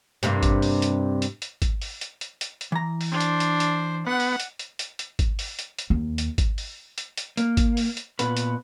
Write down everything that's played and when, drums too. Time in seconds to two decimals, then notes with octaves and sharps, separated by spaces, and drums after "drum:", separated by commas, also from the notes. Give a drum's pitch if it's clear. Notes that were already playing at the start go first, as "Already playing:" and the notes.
0.23 G2 C3 A#3, drum: hi-hat
0.43 drum: kick G#1, hi-hat
0.62 drum: open hi-hat
0.82 drum: hi-hat
1.22 drum: hi-hat
1.42 drum: hi-hat
1.62 drum: kick G#1, hi-hat
1.82 drum: open hi-hat
2.01 drum: hi-hat
2.21 drum: hi-hat
2.41 drum: hi-hat
2.61 drum: hi-hat
2.72 E3 A#5
3.01 drum: open hi-hat
3.11 D4 C5
3.20 drum: hi-hat
3.40 drum: hi-hat
3.60 drum: hi-hat
4.06 B3 F#5
4.20 drum: open hi-hat
4.40 drum: hi-hat
4.59 drum: hi-hat
4.79 drum: hi-hat
4.99 drum: hi-hat
5.19 drum: kick G#1, hi-hat
5.39 drum: open hi-hat
5.59 drum: hi-hat
5.79 drum: hi-hat
5.90 D#2
6.18 drum: hi-hat
6.38 drum: kick G#1, hi-hat
6.58 drum: open hi-hat
6.98 drum: hi-hat
7.17 drum: hi-hat
7.37 A#3, drum: hi-hat
7.57 drum: kick G#1, hi-hat
7.77 drum: open hi-hat
7.97 drum: hi-hat
8.19 A#2 B3 B4, drum: hi-hat
8.37 drum: hi-hat